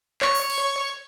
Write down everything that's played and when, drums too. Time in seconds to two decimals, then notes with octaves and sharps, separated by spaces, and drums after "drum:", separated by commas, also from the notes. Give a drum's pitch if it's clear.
0.22 C#5 C#6, drum: clap
0.35 drum: open hi-hat
0.50 drum: cymbal